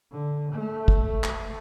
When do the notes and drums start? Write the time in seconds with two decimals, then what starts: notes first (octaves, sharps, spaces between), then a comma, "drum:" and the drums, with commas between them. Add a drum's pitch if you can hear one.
0.12 D3
0.52 A3
0.88 drum: kick
1.06 A3
1.24 drum: clap